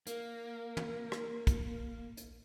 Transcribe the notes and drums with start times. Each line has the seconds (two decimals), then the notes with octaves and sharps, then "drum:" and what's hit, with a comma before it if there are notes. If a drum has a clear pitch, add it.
0.07 A#3 A#4, drum: hi-hat
0.77 drum: tom
1.12 drum: rim click
1.47 drum: kick, hi-hat
2.17 drum: hi-hat